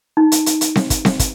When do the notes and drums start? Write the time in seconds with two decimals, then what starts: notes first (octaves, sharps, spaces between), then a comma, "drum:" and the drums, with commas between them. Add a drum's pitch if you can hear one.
0.17 D#4
0.32 drum: hi-hat
0.46 drum: hi-hat
0.61 drum: hi-hat
0.76 drum: snare C4
0.90 drum: kick, hi-hat
1.05 drum: snare C4
1.19 drum: kick, hi-hat